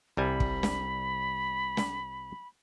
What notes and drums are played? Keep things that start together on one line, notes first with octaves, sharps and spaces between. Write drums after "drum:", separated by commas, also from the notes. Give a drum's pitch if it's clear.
C2 G3 G#5 B5
drum: kick
drum: snare
drum: snare